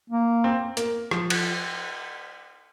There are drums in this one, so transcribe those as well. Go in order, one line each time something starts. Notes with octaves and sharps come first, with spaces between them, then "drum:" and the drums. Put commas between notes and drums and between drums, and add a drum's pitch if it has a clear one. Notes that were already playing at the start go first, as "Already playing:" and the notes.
A#3
C4
A#3, drum: hi-hat
F3, drum: rim click
drum: cymbal